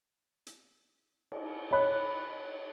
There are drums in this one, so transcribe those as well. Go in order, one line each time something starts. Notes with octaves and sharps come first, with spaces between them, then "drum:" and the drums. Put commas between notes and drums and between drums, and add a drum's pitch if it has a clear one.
drum: hi-hat
drum: cymbal
C#5 D#5 B5 F#6